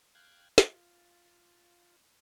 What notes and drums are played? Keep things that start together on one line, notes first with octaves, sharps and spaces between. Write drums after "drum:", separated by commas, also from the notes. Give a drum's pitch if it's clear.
F5 G5 F#6 G#6
F4, drum: snare